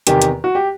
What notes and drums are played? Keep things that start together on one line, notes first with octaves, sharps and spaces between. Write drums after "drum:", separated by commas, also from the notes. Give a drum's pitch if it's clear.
E2 C3 D#3 G4, drum: hi-hat
drum: hi-hat
F#4
G4